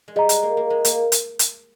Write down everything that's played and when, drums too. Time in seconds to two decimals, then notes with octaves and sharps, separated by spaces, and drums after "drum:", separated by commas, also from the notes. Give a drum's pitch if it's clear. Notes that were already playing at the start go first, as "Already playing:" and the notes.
0.08 G#3
0.16 G3 G#4 D#5 A#5
0.29 G#3, drum: hi-hat
0.43 A#3
0.57 A#3
0.70 G#3
0.85 A#3, drum: hi-hat
1.12 drum: hi-hat
1.39 drum: hi-hat